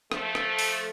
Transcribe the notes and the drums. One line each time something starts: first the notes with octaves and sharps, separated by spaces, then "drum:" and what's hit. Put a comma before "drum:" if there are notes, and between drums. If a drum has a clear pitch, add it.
F3 A3, drum: rim click
drum: rim click
drum: open hi-hat